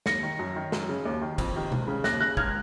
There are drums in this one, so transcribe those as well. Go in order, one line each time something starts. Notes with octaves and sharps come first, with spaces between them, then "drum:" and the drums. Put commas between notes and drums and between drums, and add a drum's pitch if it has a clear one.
D#2 A#6 C#7, drum: snare
D#3
F#2
D#3
F#2, drum: snare
C#3
D#2
D#3
F2, drum: kick, cymbal
C3 D#3
C#2, drum: tom B2
C#3
D#2 F#6 A#6, drum: snare
C#3 F#6 A#6
C#2 F6 G#6, drum: kick